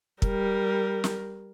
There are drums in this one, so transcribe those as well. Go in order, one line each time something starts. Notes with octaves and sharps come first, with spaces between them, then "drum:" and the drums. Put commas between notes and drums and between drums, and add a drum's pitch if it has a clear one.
G3 A#4, drum: kick
drum: snare